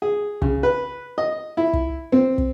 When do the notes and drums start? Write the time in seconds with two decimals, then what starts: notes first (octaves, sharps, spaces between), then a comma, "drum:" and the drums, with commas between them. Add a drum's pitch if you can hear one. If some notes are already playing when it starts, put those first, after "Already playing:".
0.02 G#4
0.42 C#3, drum: kick
0.63 B4
1.18 D#5
1.57 E4
1.73 drum: kick
2.12 C4
2.38 drum: kick